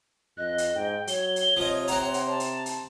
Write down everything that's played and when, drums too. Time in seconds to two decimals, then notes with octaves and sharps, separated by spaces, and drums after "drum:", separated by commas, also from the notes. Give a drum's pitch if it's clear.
0.37 F2 D#5 F#6
0.58 drum: hi-hat
0.75 G#2 G5
1.07 F#3 C#5 G7, drum: hi-hat
1.36 drum: hi-hat
1.57 C3 F3 D#5
1.88 C4 F#5 A#5, drum: hi-hat
2.14 drum: hi-hat
2.29 A5
2.40 drum: hi-hat
2.66 drum: hi-hat